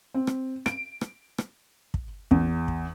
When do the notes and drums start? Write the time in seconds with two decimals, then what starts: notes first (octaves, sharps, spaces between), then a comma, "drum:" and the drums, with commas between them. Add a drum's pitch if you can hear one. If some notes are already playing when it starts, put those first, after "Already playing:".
0.14 C4
0.27 drum: rim click
0.66 D7, drum: rim click
1.01 drum: rim click
1.38 drum: rim click
1.94 drum: kick
2.31 E2, drum: kick
2.68 drum: kick